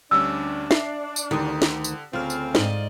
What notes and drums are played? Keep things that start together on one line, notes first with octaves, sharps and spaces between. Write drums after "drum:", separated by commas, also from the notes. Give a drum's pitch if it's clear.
D2 G3 C#4 D4 E6
E5 C7, drum: snare
drum: tambourine
D2 D3 D#3 G4 D#6
drum: snare
drum: tambourine
D2 C#3 C4 F4 F6
drum: tambourine
G#2 D5 D#5, drum: snare